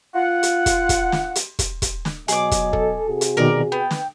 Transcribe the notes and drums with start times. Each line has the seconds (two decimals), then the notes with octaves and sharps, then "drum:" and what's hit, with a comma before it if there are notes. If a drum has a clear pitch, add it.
0.15 F4 F#5
0.43 drum: hi-hat
0.66 drum: kick, hi-hat
0.89 drum: kick, hi-hat
1.12 drum: snare
1.36 drum: hi-hat
1.59 drum: kick, hi-hat
1.82 drum: kick, hi-hat
2.05 drum: snare
2.28 B2 F#3 G#4 D#5 D6, drum: hi-hat
2.51 drum: kick, hi-hat
2.73 A4, drum: kick
3.06 C3 F#4 G#4
3.21 drum: hi-hat
3.37 B2 D#3 A#4 D5
3.72 B3 G5
3.91 drum: snare